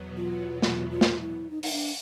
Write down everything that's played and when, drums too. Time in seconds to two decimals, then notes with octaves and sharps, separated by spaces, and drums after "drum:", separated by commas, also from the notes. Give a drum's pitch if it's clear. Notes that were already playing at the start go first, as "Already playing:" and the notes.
Already playing: E2 B2 F#3 B3
0.17 F4
0.62 F4, drum: snare
0.91 F4
1.01 drum: snare
1.21 E4
1.50 D#4
1.63 D#4, drum: open hi-hat
1.72 D4